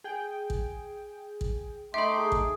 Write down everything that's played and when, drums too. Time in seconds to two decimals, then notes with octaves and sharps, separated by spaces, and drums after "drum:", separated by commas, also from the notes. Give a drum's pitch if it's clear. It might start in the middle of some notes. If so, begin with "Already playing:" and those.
0.04 G#4 G5
0.50 drum: kick
1.41 drum: kick
1.94 A3 D#4 E5 G5 B5 C6 D6
2.19 G#4
2.32 drum: kick